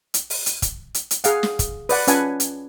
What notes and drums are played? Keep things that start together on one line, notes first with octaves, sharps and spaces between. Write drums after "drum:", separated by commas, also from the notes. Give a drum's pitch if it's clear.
drum: hi-hat
drum: open hi-hat
drum: hi-hat
drum: kick, hi-hat
drum: hi-hat
drum: hi-hat
G#4 F5 F#5, drum: hi-hat
drum: snare
drum: kick, hi-hat
B4 D5 F#5, drum: open hi-hat
C#4 F4 B4 F#5 G#5 A5, drum: hi-hat
drum: hi-hat